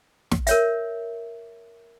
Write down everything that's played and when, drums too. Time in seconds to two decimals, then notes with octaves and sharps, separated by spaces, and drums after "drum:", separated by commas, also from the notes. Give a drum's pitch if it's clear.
0.31 drum: snare
0.47 A#4 C#5 E5, drum: hi-hat